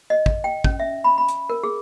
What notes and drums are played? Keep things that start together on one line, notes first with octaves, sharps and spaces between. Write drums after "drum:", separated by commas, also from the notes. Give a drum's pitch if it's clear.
D#5
drum: kick
G5
C#4, drum: kick
E5
B5
B5
drum: hi-hat
A#4
G#4